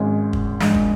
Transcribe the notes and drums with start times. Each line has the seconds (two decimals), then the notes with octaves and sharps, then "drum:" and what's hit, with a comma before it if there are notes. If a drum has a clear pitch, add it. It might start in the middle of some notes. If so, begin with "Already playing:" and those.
Already playing: G#1 G#2 G#3 C#4
0.33 drum: kick
0.60 A#1 G#2 G#3, drum: snare
0.74 drum: kick